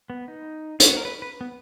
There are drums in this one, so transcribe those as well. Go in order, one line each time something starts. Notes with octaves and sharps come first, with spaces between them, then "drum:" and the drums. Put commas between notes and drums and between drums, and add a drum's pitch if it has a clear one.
B3
D#4
F4, drum: hi-hat
F#4
A#4
B4
B4
B3